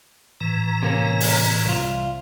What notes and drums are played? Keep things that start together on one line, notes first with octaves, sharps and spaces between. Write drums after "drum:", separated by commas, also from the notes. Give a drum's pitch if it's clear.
A2 E3 A#5
C3 A#3 C#4
drum: open hi-hat
C2 F4